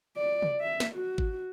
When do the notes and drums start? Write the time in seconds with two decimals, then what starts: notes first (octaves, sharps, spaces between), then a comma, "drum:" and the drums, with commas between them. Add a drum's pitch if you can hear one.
0.18 D5
0.42 drum: tom C3
0.61 E5
0.80 drum: snare
0.95 F#4
1.18 drum: kick G#1